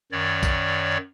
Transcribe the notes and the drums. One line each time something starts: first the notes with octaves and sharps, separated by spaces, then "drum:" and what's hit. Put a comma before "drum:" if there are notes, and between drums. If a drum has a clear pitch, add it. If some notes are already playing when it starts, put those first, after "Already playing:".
F#2 D#3 C#5 D5
drum: kick B1, tambourine